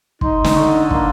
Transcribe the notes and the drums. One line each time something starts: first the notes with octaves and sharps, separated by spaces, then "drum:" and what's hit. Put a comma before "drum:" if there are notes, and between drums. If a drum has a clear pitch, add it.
D#4 C6, drum: kick
drum: snare
D3 C#6
A#3 C6, drum: kick